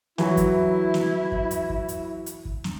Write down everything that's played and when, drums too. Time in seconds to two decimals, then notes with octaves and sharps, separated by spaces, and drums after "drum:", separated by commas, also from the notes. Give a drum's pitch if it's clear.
0.18 E3 F#3 E4, drum: snare
0.37 drum: kick, hi-hat
0.94 drum: snare
1.32 drum: kick
1.51 drum: hi-hat
1.70 drum: kick
1.88 drum: hi-hat
2.26 drum: hi-hat
2.45 drum: kick
2.64 drum: snare